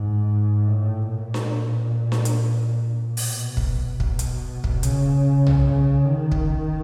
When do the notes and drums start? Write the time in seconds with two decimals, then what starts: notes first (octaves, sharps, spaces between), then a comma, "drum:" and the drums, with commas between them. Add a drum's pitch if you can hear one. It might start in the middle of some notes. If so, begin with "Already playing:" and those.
Already playing: G#2
0.68 A2
1.09 A#2
1.34 drum: snare D4
2.12 drum: snare D4
2.25 drum: hi-hat
3.17 B2, drum: open hi-hat
3.57 drum: kick
4.00 B2, drum: kick
4.19 drum: hi-hat
4.64 drum: kick
4.83 C#3, drum: hi-hat
5.47 drum: tom B1
5.66 C#3
6.07 D#3
6.32 drum: kick